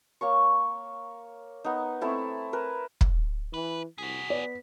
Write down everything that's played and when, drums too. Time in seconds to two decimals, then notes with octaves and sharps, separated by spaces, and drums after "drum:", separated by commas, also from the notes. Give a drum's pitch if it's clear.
0.21 A#3 C#5 C#6
1.64 B3 D#4
2.01 A3 C4 E4 A4
2.53 A#4 B4
3.01 drum: kick
3.54 E3 B4
3.98 C2 F#4 G#4 B6
4.30 B3 D5